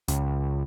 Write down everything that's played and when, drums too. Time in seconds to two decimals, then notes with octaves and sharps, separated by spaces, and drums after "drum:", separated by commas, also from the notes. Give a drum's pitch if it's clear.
0.08 C#2, drum: hi-hat